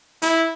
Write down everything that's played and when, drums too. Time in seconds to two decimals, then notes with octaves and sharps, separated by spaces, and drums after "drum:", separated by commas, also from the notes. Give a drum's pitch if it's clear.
0.22 E4, drum: hi-hat